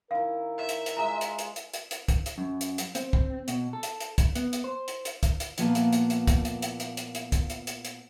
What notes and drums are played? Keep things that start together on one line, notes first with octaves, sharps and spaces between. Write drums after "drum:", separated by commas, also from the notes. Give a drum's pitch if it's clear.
D#3 E4 A#4 F5
C5 C#5 E5
drum: hi-hat
drum: hi-hat
G#3 F4 A#5
drum: hi-hat
drum: hi-hat
drum: hi-hat
drum: hi-hat
drum: hi-hat
drum: kick, hi-hat
drum: hi-hat
F#2
drum: hi-hat
drum: hi-hat
C4, drum: hi-hat
drum: kick
B2, drum: hi-hat
A4
drum: hi-hat
drum: hi-hat
drum: kick, hi-hat
B3, drum: hi-hat
drum: hi-hat
C5
drum: hi-hat
drum: hi-hat
drum: kick, hi-hat
drum: hi-hat
A#2 F3 A#3 B3 A5, drum: hi-hat
drum: hi-hat
drum: hi-hat
drum: hi-hat
drum: kick, hi-hat
drum: hi-hat
drum: hi-hat
drum: hi-hat
drum: hi-hat
drum: hi-hat
drum: kick, hi-hat
drum: hi-hat
drum: hi-hat
drum: hi-hat